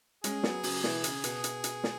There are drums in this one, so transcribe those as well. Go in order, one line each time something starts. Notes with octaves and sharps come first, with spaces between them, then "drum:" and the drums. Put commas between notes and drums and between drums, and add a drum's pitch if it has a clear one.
G#3 C#4 G#4, drum: hi-hat
F#3 B3, drum: snare
C#3 F#3, drum: open hi-hat
B2 E3, drum: snare
C#3, drum: hi-hat
B2, drum: hi-hat
drum: hi-hat
drum: hi-hat
drum: snare